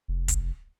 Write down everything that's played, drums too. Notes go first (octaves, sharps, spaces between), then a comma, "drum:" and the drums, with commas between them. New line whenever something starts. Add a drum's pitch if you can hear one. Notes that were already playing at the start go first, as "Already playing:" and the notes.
F1
drum: kick, hi-hat